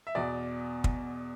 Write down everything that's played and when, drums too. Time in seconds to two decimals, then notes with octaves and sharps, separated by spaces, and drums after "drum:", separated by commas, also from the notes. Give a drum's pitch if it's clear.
0.07 E5
0.15 E2 B2 D5
0.84 drum: kick